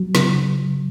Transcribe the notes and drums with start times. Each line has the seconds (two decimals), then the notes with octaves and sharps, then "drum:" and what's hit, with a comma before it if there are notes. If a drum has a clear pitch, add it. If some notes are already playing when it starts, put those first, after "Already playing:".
Already playing: F#3
0.15 C#3, drum: snare